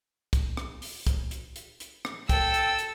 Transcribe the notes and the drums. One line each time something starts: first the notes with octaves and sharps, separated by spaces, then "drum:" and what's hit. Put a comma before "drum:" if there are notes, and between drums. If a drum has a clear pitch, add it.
drum: kick, hi-hat
drum: rim click
drum: open hi-hat
drum: kick, hi-hat
drum: hi-hat
drum: hi-hat
drum: hi-hat
drum: rim click
A4 G5 E6, drum: kick, hi-hat
drum: hi-hat
drum: hi-hat